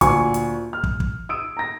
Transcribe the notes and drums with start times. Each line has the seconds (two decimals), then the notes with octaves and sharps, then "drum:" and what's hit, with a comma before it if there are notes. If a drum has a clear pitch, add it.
0.01 D2 A#2 G#5 C#6, drum: kick, hi-hat
0.34 drum: hi-hat
0.73 F6
0.84 drum: kick
1.00 drum: kick
1.29 D#6 E6 D7
1.57 A#5 A#6